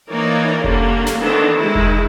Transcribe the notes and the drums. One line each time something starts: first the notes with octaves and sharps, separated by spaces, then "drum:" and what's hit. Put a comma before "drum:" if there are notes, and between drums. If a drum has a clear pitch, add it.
E3 A#3 D#4 A#4 C#5 D5
D3 G3 A#3 C#4 D4, drum: kick F1
drum: snare
D#3 E3 B3 C4 D4 A4
D#3 G#3 D#4 E4 G#4
drum: kick F1